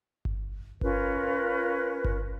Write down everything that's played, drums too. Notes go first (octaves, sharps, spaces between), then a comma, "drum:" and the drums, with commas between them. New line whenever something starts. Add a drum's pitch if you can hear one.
drum: kick G1
C#4 F4 A#4 B4, drum: kick G1
drum: kick G1